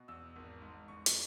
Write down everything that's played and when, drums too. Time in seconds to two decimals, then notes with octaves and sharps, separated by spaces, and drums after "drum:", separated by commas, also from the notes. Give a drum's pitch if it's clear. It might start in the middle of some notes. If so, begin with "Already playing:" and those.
Already playing: B2
0.08 E2 E6
0.36 G#1
0.62 G#2
0.88 E2 C#6
1.06 drum: hi-hat